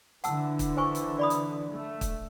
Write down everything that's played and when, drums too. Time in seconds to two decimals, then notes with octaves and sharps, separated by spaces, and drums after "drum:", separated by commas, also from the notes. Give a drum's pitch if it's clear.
0.24 D3 E3 F#5 A5 E6, drum: hi-hat
0.59 drum: kick, hi-hat
0.77 C5 G#5 C#6
0.95 drum: hi-hat
1.19 D5 B5 D#6
1.30 drum: hi-hat
1.72 A3
2.01 drum: kick, hi-hat